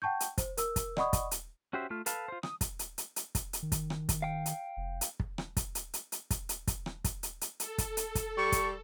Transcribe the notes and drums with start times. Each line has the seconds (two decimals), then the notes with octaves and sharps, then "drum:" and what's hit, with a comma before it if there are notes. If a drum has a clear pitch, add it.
0.02 F#5 G5 A5 C#6 G6
0.20 drum: hi-hat
0.38 C5, drum: kick, hi-hat
0.57 A#4 E6, drum: hi-hat
0.76 drum: kick, hi-hat
0.97 D5 D#5 F#5 B5 C#6 D#6, drum: rim click
1.13 drum: kick, hi-hat
1.31 drum: hi-hat
1.73 C#4 F#4 G4 C5 E5
1.90 A3 F4 F6
2.06 A4 B4 F5 A5, drum: hi-hat
2.28 F4 C5
2.43 D#6, drum: rim click
2.61 drum: kick, hi-hat
2.79 drum: hi-hat
2.98 drum: hi-hat
3.16 drum: hi-hat
3.35 drum: kick, hi-hat
3.53 drum: hi-hat
3.63 D#3
3.72 drum: kick, hi-hat
3.90 drum: rim click
4.09 drum: kick, hi-hat
4.22 F5 G5
4.46 drum: hi-hat
4.77 F1
5.01 drum: hi-hat
5.20 drum: kick
5.38 drum: rim click
5.57 drum: kick, hi-hat
5.75 drum: hi-hat
5.94 drum: hi-hat
6.12 drum: hi-hat
6.30 drum: kick, hi-hat
6.49 drum: hi-hat
6.67 drum: kick, hi-hat
6.86 drum: rim click
7.04 drum: kick, hi-hat
7.23 drum: hi-hat
7.41 drum: hi-hat
7.60 A4, drum: hi-hat
7.78 drum: kick, hi-hat
7.97 drum: hi-hat
8.15 drum: kick, hi-hat
8.37 G3 C#6
8.52 drum: kick, hi-hat